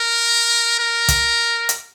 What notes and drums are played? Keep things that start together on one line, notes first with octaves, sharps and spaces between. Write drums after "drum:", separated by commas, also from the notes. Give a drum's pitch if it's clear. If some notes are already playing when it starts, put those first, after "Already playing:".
Already playing: A#4
A#4
drum: kick, hi-hat
drum: hi-hat